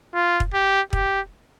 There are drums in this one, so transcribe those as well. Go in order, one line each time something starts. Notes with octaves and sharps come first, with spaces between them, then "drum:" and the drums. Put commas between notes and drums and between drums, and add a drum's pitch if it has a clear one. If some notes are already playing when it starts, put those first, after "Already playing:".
F4
drum: kick
G4
G4, drum: kick